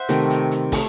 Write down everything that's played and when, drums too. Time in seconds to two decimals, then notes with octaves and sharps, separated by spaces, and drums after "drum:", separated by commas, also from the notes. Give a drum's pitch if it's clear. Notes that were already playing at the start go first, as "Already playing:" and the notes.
Already playing: C5 E5 F#5
0.09 C3 D#3 A3, drum: hi-hat
0.30 drum: hi-hat
0.51 drum: hi-hat
0.72 A3, drum: kick, open hi-hat